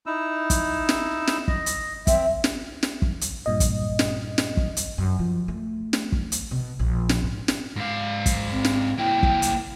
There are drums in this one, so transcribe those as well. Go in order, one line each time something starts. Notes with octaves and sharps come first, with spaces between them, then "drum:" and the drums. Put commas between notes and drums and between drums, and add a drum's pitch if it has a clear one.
D#4 E4 E6
drum: kick, hi-hat
drum: snare
drum: snare
D#5, drum: kick
drum: hi-hat
C4 E5, drum: kick, hi-hat
drum: snare
drum: snare
drum: kick
drum: hi-hat
G2 A#2 D#5
drum: kick, hi-hat
drum: snare
drum: snare
drum: kick
drum: hi-hat
F#2
F3
A3
drum: snare
drum: kick
drum: hi-hat
B2
A#1
drum: snare
G#2
drum: snare
G#2 F5
drum: kick, hi-hat
C4
drum: snare
A#3 E4 G5
drum: kick
drum: hi-hat